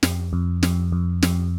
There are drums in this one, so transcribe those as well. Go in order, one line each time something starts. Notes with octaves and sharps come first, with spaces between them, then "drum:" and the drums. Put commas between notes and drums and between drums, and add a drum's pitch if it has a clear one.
F2, drum: snare
F2
F2, drum: snare
F2
F2, drum: snare